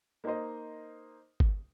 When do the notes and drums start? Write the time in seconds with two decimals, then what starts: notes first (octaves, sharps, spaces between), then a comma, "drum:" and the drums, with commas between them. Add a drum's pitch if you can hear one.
0.24 A#3 D#4 C5 D#5
1.40 drum: kick G1